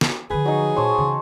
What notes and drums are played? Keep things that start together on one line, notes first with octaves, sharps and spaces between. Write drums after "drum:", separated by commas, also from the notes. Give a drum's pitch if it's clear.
drum: snare
D3 F3 G#4 B4
F#3 D#4
A#2 C5 C#5 A5
C#3 E3